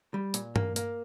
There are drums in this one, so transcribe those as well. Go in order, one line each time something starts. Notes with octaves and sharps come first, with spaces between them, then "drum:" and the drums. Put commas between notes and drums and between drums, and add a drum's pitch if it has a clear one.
G3
A#2, drum: hi-hat
A#3, drum: tom G2
A#3, drum: hi-hat